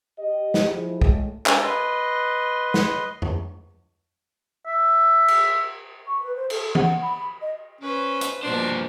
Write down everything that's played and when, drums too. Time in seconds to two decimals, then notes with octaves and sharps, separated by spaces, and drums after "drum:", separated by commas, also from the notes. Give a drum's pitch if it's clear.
0.19 G4 D#5
0.54 drum: snare
0.70 F3 E4 G#4
1.01 A2 G#3, drum: kick
1.46 G#2 A5, drum: clap
1.62 B4 D#5 C6
2.74 drum: snare
3.22 drum: tom F2
4.66 E5
5.28 drum: cymbal
6.05 C#6
6.20 B4
6.36 C5
6.50 A4, drum: cymbal
6.75 F#5, drum: tom
7.02 B5
7.41 D#5
7.81 C#4 B4 C5
8.21 drum: hi-hat
8.43 G2 B2 F3 A#3 D4 C5